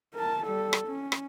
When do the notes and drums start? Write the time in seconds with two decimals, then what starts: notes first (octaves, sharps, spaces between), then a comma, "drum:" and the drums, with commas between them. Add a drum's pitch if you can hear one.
0.14 A#4 A5
0.45 G3 A4
0.73 drum: rim click
0.88 C#4
1.12 drum: rim click